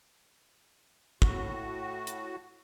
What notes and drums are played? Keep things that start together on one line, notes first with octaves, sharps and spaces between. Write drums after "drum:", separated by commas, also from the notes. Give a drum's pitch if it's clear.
A2 F#4, drum: kick
drum: hi-hat